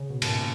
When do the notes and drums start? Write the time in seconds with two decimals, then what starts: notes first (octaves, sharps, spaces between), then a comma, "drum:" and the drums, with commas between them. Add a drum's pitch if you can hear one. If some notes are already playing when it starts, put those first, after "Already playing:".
Already playing: C#3
0.10 B2
0.22 G#2, drum: cymbal
0.28 A#2